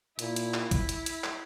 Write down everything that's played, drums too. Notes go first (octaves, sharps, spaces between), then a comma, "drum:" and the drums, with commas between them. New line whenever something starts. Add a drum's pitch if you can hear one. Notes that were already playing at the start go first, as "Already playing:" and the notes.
A#2 E4, drum: hi-hat
drum: hi-hat
drum: clap
drum: kick, hi-hat
drum: hi-hat
drum: hi-hat
drum: clap